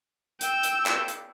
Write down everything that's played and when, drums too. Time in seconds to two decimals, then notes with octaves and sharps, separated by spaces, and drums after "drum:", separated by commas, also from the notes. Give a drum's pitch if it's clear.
0.41 G5 E6, drum: hi-hat
0.63 drum: hi-hat
0.86 drum: clap
1.08 drum: hi-hat